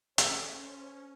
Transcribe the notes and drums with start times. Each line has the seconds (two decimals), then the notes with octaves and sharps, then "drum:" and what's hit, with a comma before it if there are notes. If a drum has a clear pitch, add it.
0.18 C#4 A4 C5, drum: hi-hat